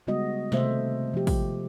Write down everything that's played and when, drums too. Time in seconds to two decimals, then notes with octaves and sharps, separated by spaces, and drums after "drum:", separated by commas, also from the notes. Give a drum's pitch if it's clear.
0.07 C#3 G3 G#3 B3 F#4 D#5
0.52 C3 D#3 A3 C5 E5, drum: snare
1.14 F3 G4
1.27 drum: kick, open hi-hat